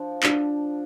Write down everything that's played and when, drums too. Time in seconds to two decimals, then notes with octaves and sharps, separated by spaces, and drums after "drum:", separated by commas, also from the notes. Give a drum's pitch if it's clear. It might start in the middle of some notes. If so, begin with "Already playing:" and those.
Already playing: F3 D4
0.23 D4, drum: clap